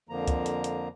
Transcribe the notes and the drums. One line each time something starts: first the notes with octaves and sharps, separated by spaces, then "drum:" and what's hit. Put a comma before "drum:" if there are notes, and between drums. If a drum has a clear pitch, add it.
F2 D3 F3 A#3 A#5
drum: kick C#2, hi-hat
drum: hi-hat
drum: hi-hat